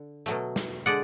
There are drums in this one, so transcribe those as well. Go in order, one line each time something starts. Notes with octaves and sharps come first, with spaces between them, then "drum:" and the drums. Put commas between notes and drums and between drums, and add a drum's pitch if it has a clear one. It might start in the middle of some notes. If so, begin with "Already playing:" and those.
Already playing: D3
B2 F#3 A3, drum: hi-hat
drum: snare
D3 G#3 D5 F#5, drum: hi-hat